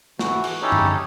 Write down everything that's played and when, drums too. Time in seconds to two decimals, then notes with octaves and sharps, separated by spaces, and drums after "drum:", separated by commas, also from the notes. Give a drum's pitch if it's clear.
0.19 E3 A3 F#4, drum: snare
0.44 drum: cymbal
0.62 C#4 D#4 E4 G4 A4 C#5
0.72 drum: tom F#2